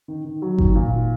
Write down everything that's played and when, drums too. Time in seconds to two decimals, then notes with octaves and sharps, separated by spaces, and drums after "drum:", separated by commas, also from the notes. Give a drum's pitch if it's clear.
0.08 D#3
0.25 D#3
0.42 F#3
0.58 D#3, drum: kick G1
0.75 A#2